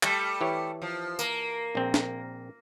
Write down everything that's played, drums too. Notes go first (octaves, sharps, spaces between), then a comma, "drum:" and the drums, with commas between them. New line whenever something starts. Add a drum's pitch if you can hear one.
G3 A3, drum: clap
E3 G4 C#5
F3
A#3, drum: tambourine
A#1 C4
drum: snare